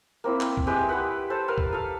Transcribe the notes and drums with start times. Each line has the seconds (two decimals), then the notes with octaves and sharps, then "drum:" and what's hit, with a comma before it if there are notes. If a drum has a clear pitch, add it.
0.24 A#3 C4 E4
0.41 drum: clap
0.57 drum: kick
0.67 G#3 E4 G4 B4
0.89 G4 B4 F#5
1.30 A4 C5 A5
1.48 A#4 B4 F5 A5
1.58 drum: kick
1.73 A4 F5